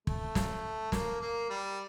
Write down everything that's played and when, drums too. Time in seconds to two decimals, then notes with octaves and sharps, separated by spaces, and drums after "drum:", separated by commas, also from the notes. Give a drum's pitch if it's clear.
0.07 A3, drum: kick
0.35 drum: snare
0.92 A#3, drum: snare
1.21 A#3
1.49 G3